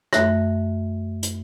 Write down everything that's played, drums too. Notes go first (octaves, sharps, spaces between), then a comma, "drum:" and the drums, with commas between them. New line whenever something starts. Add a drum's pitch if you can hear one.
F#2 A3 E5 F#6 A#6, drum: rim click
drum: hi-hat